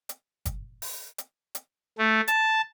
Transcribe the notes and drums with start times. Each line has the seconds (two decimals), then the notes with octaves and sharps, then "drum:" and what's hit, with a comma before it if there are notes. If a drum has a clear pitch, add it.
0.09 drum: hi-hat
0.45 drum: kick, hi-hat
0.82 drum: open hi-hat
1.18 drum: hi-hat
1.55 drum: hi-hat
1.98 A3
2.28 A5, drum: hi-hat